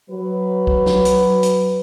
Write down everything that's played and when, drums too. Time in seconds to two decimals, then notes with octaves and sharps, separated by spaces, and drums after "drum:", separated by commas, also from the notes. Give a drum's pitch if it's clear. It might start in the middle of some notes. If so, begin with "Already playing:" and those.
0.11 F#3 B4
0.67 drum: kick
0.86 drum: snare
1.05 drum: hi-hat
1.43 drum: hi-hat